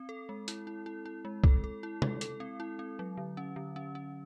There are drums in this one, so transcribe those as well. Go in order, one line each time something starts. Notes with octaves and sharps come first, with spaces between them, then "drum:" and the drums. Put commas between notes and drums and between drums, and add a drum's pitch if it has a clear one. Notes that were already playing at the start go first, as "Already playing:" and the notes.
Already playing: C4
A4
G#3
E4, drum: hi-hat
E4
E4
E4
G#3
A4, drum: kick
A4
E4
A4, drum: tom
A4, drum: hi-hat
C4
E4
C4
F#3
D3
C#4
D3
C#4
C#4